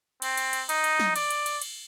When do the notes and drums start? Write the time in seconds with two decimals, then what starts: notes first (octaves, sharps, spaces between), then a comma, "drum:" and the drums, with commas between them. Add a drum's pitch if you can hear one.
0.22 C4, drum: cymbal
0.37 drum: cymbal
0.53 drum: cymbal
0.69 D#4, drum: cymbal
0.84 drum: cymbal
0.99 drum: snare
1.16 D5, drum: cymbal
1.30 drum: cymbal
1.46 drum: cymbal
1.61 drum: cymbal